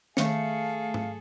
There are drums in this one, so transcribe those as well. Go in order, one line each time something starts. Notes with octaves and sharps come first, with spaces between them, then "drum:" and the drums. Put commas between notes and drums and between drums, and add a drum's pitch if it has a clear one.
D#3 A3 G#4 A4 F5 C#7, drum: snare
drum: tom G#2